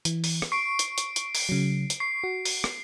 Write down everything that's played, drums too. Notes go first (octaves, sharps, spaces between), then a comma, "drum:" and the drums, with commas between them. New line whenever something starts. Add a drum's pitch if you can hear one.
E3, drum: hi-hat
drum: open hi-hat
drum: rim click
C#6 C7 D7
drum: hi-hat
drum: hi-hat
drum: hi-hat
drum: open hi-hat
C#3 F#3
drum: hi-hat
C#6 C7
F#4
drum: open hi-hat
drum: rim click